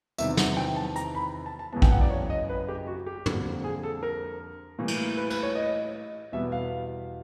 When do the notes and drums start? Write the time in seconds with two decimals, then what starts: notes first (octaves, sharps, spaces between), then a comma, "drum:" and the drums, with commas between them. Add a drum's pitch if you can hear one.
0.18 E2 C3 D#3 G3 E5, drum: tambourine
0.37 F#5, drum: snare
0.57 G5
0.76 A5
0.96 A#5, drum: hi-hat
1.15 B5
1.46 A5
1.59 A5
1.73 F#2 C#3 E3 G#3 B3 A5
1.82 G5, drum: kick A1
1.91 F#5
2.01 D5
2.10 C#5
2.30 D#5
2.49 B4
2.68 G4
2.87 F#4
3.06 G4
3.26 F2 D3 G3 A#3, drum: tom
3.64 G#4
3.83 A4
4.03 A#4
4.79 A2 E3 G3 A#3
4.88 drum: cymbal
5.17 B4
5.30 B4, drum: cymbal
5.43 C#5
5.55 D#5
6.32 E2 B2 G3 B3 E5
6.52 F5